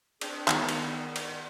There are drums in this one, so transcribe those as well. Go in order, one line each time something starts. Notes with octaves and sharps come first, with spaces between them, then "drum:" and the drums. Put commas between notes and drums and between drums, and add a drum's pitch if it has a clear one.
C4 D4 G#4, drum: cymbal
D#3 B3, drum: clap
drum: cymbal
drum: cymbal